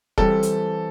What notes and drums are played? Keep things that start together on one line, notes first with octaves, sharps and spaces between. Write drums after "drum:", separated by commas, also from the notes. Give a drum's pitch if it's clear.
E3 G3 C4 G4 A4, drum: kick
drum: hi-hat